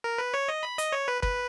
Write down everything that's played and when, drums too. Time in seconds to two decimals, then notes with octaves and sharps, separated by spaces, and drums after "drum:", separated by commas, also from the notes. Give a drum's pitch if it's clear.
0.04 A#4
0.18 B4
0.34 C#5
0.48 D#5
0.63 B5
0.78 D#5, drum: hi-hat
0.92 C#5
1.08 B4
1.23 B4, drum: kick